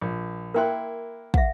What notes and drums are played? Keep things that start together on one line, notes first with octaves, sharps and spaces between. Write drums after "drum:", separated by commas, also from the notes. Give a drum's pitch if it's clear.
A#1
A#3 E4 A#4 G5 C6 F#6
E5 F#5, drum: kick